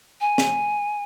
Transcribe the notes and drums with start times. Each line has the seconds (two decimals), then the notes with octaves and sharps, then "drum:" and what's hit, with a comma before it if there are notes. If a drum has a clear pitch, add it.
0.21 G#5
0.38 drum: snare